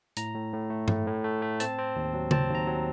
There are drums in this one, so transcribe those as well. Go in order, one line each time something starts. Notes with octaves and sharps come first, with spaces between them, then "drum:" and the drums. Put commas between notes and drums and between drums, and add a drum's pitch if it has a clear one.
A2 A#5, drum: hi-hat
A2
A2
A3
A2, drum: tom G2
A2
A3
A3
C4 A5, drum: hi-hat
C4
D#2
F#3
C4 A5, drum: tom C#3
D#2 A#5
F#3